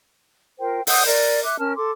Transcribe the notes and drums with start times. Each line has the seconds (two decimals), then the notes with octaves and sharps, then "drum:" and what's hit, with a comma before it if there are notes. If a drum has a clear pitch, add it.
0.59 F4 A#4 C5 G5
0.87 F#5 D#6 E6 G6, drum: open hi-hat
1.06 A#4 D5
1.44 E5 D6 F#6
1.59 C#4 A#4 A5 F6
1.76 A4 C6 D6